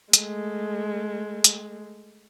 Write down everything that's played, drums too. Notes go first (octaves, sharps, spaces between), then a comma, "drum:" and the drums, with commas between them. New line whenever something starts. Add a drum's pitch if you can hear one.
G#3 A3, drum: hi-hat
drum: hi-hat